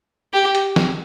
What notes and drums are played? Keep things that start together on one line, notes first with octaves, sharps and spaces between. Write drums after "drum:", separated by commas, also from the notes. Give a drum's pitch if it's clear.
G4
drum: hi-hat
drum: snare